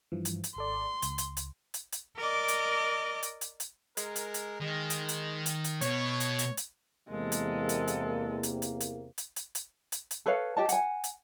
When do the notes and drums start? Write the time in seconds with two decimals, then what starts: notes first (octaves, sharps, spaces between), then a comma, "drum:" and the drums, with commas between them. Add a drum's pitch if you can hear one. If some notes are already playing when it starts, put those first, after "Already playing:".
0.12 G2 E3 F3
0.25 drum: hi-hat
0.44 drum: hi-hat
0.56 G#1 A4 D5 C6
1.02 C#2, drum: hi-hat
1.18 drum: hi-hat
1.37 drum: hi-hat
1.74 drum: hi-hat
1.92 drum: hi-hat
2.17 A#4 D5 D#5 D6
2.48 drum: hi-hat
3.23 drum: hi-hat
3.41 drum: hi-hat
3.60 drum: hi-hat
3.97 G#3 A#4, drum: hi-hat
4.16 drum: hi-hat
4.34 drum: hi-hat
4.60 D#3 G#3
4.90 drum: hi-hat
5.09 drum: hi-hat
5.46 drum: hi-hat
5.64 drum: hi-hat
5.81 B2 C#5, drum: hi-hat
6.20 drum: hi-hat
6.39 drum: hi-hat
6.57 drum: hi-hat
7.10 E2 C3 G#3 A#3 A4
7.32 drum: hi-hat
7.69 drum: hi-hat
7.87 drum: hi-hat
8.43 drum: hi-hat
8.62 drum: hi-hat
8.80 drum: hi-hat
9.18 drum: hi-hat
9.36 drum: hi-hat
9.55 drum: hi-hat
9.92 drum: hi-hat
10.11 drum: hi-hat
10.26 A4 B4 C#5 F5
10.57 G4 D#5 A5
10.69 F#5 G#5, drum: hi-hat
11.04 drum: hi-hat